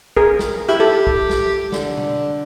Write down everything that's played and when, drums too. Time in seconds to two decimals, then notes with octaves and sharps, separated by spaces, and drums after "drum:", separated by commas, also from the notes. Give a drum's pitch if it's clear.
0.17 G#4 A#4, drum: kick
0.39 drum: snare
0.69 E4 G4
0.80 G4 A4
1.07 drum: kick
1.29 drum: snare
1.72 D3, drum: snare
1.97 drum: tom